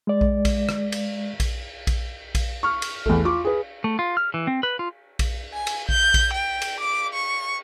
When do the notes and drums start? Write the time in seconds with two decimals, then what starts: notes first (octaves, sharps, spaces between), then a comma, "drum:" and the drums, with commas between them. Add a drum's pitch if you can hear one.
0.07 G#3 D5
0.21 drum: kick A#1
0.45 drum: kick A#1, cymbal
0.69 drum: rim click
0.92 drum: cymbal
1.40 drum: kick A#1, cymbal
1.87 drum: kick A#1, cymbal
2.35 drum: kick A#1, cymbal
2.63 C#6 F6
2.82 drum: cymbal
3.06 E2 A3, drum: kick A#1
3.25 F4 C#6 D6
3.45 G#4 B4
3.84 A3
3.99 F4
4.17 F6
4.34 E3
4.47 C4
4.63 B4
4.79 F4
5.19 drum: kick A#1, cymbal
5.53 G#5
5.67 drum: cymbal
5.89 G6, drum: kick A#1
6.14 drum: kick A#1, cymbal
6.33 G5
6.62 drum: cymbal
6.80 D6
7.13 C#6